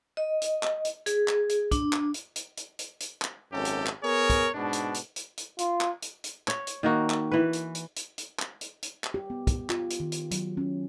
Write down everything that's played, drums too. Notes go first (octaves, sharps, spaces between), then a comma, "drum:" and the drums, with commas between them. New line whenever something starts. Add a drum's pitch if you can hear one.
D#5
drum: hi-hat
drum: clap
drum: hi-hat
G#4, drum: hi-hat
drum: clap
drum: hi-hat
D4, drum: kick, hi-hat
drum: clap
drum: hi-hat
drum: hi-hat
drum: hi-hat
drum: hi-hat
drum: hi-hat
drum: clap
G#1 F#2 C#4 G4 A4
drum: hi-hat
drum: clap
B3 G#4 A#4 C#5
drum: kick, hi-hat
G#2 B2 D4
drum: hi-hat
drum: hi-hat
drum: hi-hat
drum: hi-hat
F4, drum: hi-hat
drum: clap
drum: hi-hat
drum: hi-hat
C#5, drum: clap
drum: hi-hat
D#3 A#3 F#4
drum: clap
E3 B4
drum: hi-hat
drum: hi-hat
drum: hi-hat
drum: hi-hat
drum: clap
drum: hi-hat
drum: hi-hat
drum: clap
G4
B3
drum: kick, hi-hat
F4, drum: clap
drum: hi-hat
D#3
drum: hi-hat
F#3, drum: hi-hat
C#4